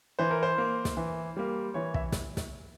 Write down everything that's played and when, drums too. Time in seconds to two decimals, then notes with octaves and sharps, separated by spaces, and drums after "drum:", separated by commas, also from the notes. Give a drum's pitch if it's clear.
0.19 E3 C5
0.31 A#4
0.43 C5
0.58 A#3
0.85 drum: snare
0.97 E3
1.37 G3 A#3
1.74 E3 C#5
1.94 E5, drum: kick
2.12 drum: snare
2.37 drum: snare